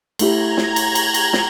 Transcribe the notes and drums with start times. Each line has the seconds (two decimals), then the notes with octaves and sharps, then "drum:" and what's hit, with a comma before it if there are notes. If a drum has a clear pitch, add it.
0.19 A3 E4 G4 A#5 G#6, drum: cymbal
0.57 drum: snare
0.76 drum: cymbal
0.95 drum: cymbal
1.14 drum: cymbal
1.33 drum: snare